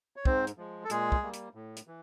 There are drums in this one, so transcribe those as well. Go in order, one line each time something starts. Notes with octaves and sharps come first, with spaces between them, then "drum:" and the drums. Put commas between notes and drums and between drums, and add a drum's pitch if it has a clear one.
C#5
G#2 C4 C5, drum: kick
drum: hi-hat
F3 G#3
A4
A#2 G#3 G#4, drum: hi-hat
drum: kick
G3 A#3
drum: hi-hat
A2
drum: hi-hat
E3